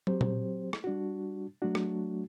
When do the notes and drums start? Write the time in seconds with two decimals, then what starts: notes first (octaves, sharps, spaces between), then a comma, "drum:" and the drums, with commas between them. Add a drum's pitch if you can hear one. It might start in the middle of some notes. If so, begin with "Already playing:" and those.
0.07 F#3 C4 G4 C5, drum: tom
0.21 drum: tom A#2
0.73 drum: rim click
0.84 G3 D4 F#4
1.62 F#3 A3 D4 F#4
1.75 drum: rim click